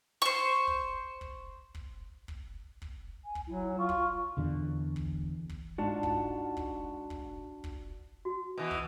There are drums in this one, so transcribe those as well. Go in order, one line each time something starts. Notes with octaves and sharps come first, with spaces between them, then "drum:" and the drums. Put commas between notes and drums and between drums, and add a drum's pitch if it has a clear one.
C5 C#6
drum: kick
drum: kick
drum: kick
drum: kick
drum: kick
G#5
drum: kick
F#3 E4
F4 C#6
drum: kick
E2 D3 E3
drum: kick
drum: kick
G#2 D4 F4 F#4 A5
drum: kick
drum: kick
drum: kick
drum: kick
F#4
B2 E3
drum: kick